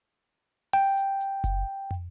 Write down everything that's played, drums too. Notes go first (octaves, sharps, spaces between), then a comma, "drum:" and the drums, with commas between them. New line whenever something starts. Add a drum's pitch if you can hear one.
G5, drum: open hi-hat
drum: hi-hat
drum: hi-hat
drum: kick F#1, hi-hat
drum: tom